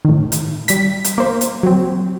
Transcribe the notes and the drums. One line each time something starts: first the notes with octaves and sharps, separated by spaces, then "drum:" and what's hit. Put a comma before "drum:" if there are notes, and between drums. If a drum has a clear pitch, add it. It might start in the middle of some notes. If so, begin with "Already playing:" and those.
A2 D#3
drum: hi-hat
G3 B6, drum: hi-hat
drum: hi-hat
A#3 C5
drum: hi-hat
F#3 C4